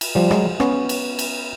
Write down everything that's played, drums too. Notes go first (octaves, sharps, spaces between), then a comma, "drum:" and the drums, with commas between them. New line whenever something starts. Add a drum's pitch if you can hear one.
drum: cymbal
F3 G3
F#3 G#3, drum: rim click
B3 C#4, drum: rim click
drum: cymbal
drum: cymbal